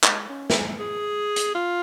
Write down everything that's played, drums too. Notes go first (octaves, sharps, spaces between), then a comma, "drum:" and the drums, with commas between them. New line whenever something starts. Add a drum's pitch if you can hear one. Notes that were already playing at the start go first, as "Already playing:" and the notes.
G#3, drum: clap
C#4
drum: snare
G#4
drum: hi-hat
F4